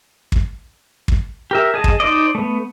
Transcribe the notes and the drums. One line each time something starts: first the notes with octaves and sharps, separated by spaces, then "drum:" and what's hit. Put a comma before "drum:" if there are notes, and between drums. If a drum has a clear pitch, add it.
drum: kick
drum: kick
G4 A#4 E5
G#4 D#5 A5
drum: kick
D#4 C5 D5 D#5
A3 B3